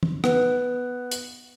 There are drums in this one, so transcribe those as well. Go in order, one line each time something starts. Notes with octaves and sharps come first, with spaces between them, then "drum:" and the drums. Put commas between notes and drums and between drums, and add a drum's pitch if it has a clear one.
drum: tom
B3, drum: rim click
drum: hi-hat